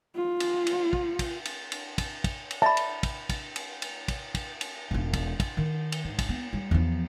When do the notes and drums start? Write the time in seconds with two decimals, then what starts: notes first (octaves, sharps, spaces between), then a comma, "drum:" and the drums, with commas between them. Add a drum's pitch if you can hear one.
0.15 F4
0.40 drum: cymbal
0.67 drum: cymbal
0.93 drum: kick
1.19 drum: kick, cymbal
1.45 drum: cymbal
1.72 drum: cymbal
1.98 drum: kick, cymbal
2.24 drum: kick, cymbal
2.51 drum: cymbal
2.62 E5 A5 B5
2.77 drum: cymbal
3.03 drum: kick, cymbal
3.29 drum: kick, cymbal
3.56 drum: cymbal
3.82 drum: cymbal
4.08 drum: kick, cymbal
4.35 drum: kick, cymbal
4.61 drum: cymbal
4.91 E1 F4
5.13 drum: kick, cymbal
5.40 drum: kick, cymbal
5.57 D#3
5.92 drum: cymbal
6.04 G#2
6.19 drum: kick, cymbal
6.29 B3
6.53 G3
6.71 E2 F3